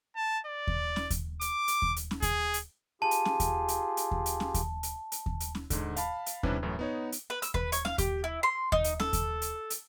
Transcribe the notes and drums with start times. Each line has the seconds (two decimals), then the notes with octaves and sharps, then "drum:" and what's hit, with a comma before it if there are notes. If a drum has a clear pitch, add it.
0.16 A5
0.47 D5
0.67 drum: kick D#2
0.96 drum: snare C#4
1.10 drum: kick D#2, hi-hat
1.41 D6, drum: hi-hat
1.68 drum: hi-hat
1.82 drum: kick D#2
1.96 drum: hi-hat
2.11 drum: snare C#4
2.22 G#4, drum: kick D#2, hi-hat
2.54 drum: hi-hat
3.02 F4 G4 G#4 A5
3.11 drum: hi-hat
3.25 drum: snare C#4
3.40 drum: kick D#2, hi-hat
3.68 drum: hi-hat
3.97 drum: hi-hat
4.11 drum: kick D#2
4.26 drum: hi-hat
4.40 drum: snare C#4
4.54 drum: kick D#2, hi-hat
4.83 drum: hi-hat
5.12 drum: hi-hat
5.26 drum: kick D#2
5.40 drum: hi-hat
5.55 drum: snare C#4
5.70 G#2 D3, drum: kick D#2, hi-hat
5.96 F5 A5 B5, drum: hi-hat
6.26 drum: hi-hat
6.43 C3 G3 C#4 D4 E4 B4, drum: kick D#2
6.63 F#2 A2 E3
6.79 B3 D#4 C#5
7.12 drum: hi-hat
7.30 B4
7.42 E6, drum: hi-hat
7.54 B4, drum: kick D#2
7.72 C#5, drum: hi-hat
7.85 F5, drum: snare C#4
7.98 G4, drum: kick D#2, hi-hat
8.24 E4
8.43 C6
8.72 D#4, drum: kick D#2
8.84 drum: hi-hat
9.00 A4, drum: snare C#4
9.13 drum: kick D#2, hi-hat
9.42 drum: hi-hat
9.70 drum: hi-hat